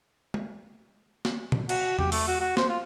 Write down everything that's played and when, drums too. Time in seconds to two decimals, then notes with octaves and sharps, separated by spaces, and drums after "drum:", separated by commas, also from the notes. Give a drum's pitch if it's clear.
0.34 drum: tom
1.25 drum: snare A#3
1.52 drum: tom
1.69 F#4, drum: cymbal
1.99 G4, drum: tom E2
2.12 A3, drum: open hi-hat
2.28 F#4
2.40 F#4
2.57 C5, drum: snare A#3
2.69 F4